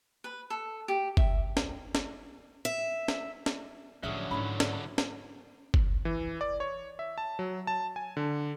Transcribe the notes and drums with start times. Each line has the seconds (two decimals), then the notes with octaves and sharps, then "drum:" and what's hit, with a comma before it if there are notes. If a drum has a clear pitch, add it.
0.24 B4
0.50 A4
0.88 G4
1.17 E5, drum: kick F#1
1.57 drum: snare
1.95 drum: snare
2.65 E5
3.08 drum: snare
3.46 drum: snare
4.03 A2 D3 F3 F#3 B3 C#4 G#4 E5
4.31 G#2 E3 A3 C#4 D4 C#5 B5
4.60 drum: snare
4.98 drum: snare
5.74 drum: kick F#1
6.05 E3
6.41 D5
6.60 C#5
6.99 E5
7.18 A5
7.39 F#3
7.67 A5
7.96 G#5
8.17 D3